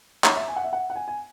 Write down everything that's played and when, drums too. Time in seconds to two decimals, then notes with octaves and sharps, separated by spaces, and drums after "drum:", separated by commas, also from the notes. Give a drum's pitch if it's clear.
0.24 C#5, drum: clap
0.36 E5
0.48 G#5
0.56 F#5
0.64 E5
0.73 F#5
0.90 F#5
0.96 G#5
1.08 G#5